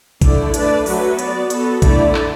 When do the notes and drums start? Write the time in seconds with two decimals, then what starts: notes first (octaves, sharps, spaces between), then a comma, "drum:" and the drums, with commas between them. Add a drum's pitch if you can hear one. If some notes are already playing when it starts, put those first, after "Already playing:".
0.22 D3 A3 E4 D5, drum: kick, hi-hat
0.54 A3 D4 B4 D5, drum: hi-hat
0.86 F#3 A3 F#4 B4, drum: open hi-hat
1.19 B3 F#4 D5, drum: hi-hat
1.50 B3 F#4 A4, drum: hi-hat
1.82 D3 A3 E4 D5, drum: kick, hi-hat
2.15 drum: clap